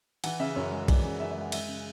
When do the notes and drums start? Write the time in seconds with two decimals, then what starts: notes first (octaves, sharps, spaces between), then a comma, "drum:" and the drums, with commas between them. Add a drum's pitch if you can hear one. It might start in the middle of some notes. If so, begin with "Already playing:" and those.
0.24 E3 F#5, drum: cymbal
0.40 C#3 E5
0.56 F#2 C#5
0.71 G#3
0.88 E3 D5, drum: kick, cymbal
1.04 C#3
1.20 F#2 E5
1.31 E5
1.36 G#3
1.42 F#5
1.52 G#3 E5, drum: cymbal
1.68 C#3